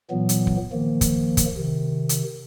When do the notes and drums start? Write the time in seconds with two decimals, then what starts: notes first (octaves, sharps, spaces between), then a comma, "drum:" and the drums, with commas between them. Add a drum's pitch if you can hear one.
0.11 A#2 E3 F#3 B3
0.29 drum: hi-hat
0.47 drum: kick
0.72 D#3 F3 A#3
1.01 drum: kick, hi-hat
1.37 drum: kick, hi-hat
1.57 C3 D#3
2.09 drum: hi-hat